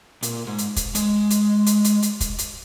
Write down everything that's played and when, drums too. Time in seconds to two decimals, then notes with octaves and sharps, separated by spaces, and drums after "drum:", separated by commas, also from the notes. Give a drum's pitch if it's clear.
0.23 A#2, drum: hi-hat
0.47 G#2
0.58 drum: hi-hat
0.76 drum: kick, hi-hat
0.95 G#3, drum: hi-hat
1.30 drum: hi-hat
1.66 drum: hi-hat
1.84 drum: hi-hat
2.02 drum: hi-hat
2.20 drum: kick, hi-hat
2.38 drum: hi-hat